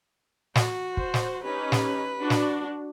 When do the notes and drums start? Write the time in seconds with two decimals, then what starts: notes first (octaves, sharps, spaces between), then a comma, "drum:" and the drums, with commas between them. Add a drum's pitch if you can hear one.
0.55 F#4, drum: snare
0.97 C5, drum: kick
1.14 drum: snare
1.44 C#4 D#4 G4 B4
1.72 drum: snare
2.20 D4 F#4
2.30 drum: snare